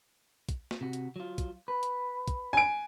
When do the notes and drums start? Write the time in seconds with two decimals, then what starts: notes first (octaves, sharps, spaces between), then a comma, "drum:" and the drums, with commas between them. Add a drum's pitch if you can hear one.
0.49 drum: kick, hi-hat
0.71 drum: snare
0.81 C3 F#4
0.93 drum: hi-hat
1.16 F#3 F4
1.38 drum: kick, hi-hat
1.68 B4
1.83 drum: hi-hat
2.28 drum: kick, hi-hat
2.53 G#5 D7